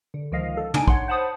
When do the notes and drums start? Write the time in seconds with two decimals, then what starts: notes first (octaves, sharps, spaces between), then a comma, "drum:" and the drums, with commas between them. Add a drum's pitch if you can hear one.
0.14 D3
0.32 C#2 D#3 F3 D#5 F5
0.57 A4
0.74 D4 D#4 G#5 D7, drum: tom
0.87 C#5 F#5 C6, drum: kick
1.08 C5 F#5 A5 B5 D#6